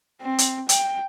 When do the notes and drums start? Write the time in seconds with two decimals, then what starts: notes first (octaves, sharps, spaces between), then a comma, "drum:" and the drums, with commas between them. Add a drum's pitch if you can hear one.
0.21 C4
0.38 drum: hi-hat
0.69 G5, drum: hi-hat